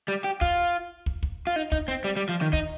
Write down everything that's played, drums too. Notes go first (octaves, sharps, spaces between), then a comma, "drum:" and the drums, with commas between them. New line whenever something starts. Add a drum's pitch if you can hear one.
G3
G4
F4, drum: kick
drum: kick
drum: kick
F4
D#4
D#4, drum: kick
C4
G3
G3
F3
D#3
D#4, drum: kick